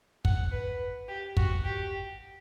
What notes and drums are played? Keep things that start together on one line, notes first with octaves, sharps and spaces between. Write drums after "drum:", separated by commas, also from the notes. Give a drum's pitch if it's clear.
F#5, drum: kick
B4
G4
F#4, drum: kick
G4